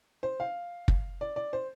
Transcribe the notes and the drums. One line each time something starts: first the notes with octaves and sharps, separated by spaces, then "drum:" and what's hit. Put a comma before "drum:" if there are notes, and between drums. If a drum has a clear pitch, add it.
C5
F5
drum: kick
D5
D5
C5